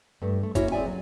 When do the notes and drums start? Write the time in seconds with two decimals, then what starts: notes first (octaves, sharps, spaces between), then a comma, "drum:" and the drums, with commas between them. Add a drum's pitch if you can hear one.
0.22 G2 A3
0.43 A3
0.55 A#3 C#4 E4 F#4 A4 C#5, drum: kick, hi-hat
0.72 C4 G#4 D5 E5 G#5
0.85 F#3